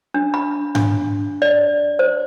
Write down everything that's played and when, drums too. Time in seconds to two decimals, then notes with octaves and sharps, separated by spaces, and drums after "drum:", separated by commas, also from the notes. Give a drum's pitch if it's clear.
0.14 D4
0.34 B5
0.75 D4, drum: tom G#2
1.42 D5
1.99 C5